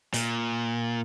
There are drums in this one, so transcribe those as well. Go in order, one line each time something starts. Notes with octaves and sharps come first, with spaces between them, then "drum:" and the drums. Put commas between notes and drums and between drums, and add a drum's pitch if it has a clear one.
A#2, drum: hi-hat